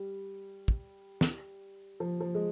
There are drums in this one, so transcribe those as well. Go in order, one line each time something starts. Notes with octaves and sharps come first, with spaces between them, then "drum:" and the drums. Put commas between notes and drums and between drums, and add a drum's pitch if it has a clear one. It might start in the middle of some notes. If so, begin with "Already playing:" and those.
Already playing: G3
drum: kick
drum: snare
F3
F3
G#3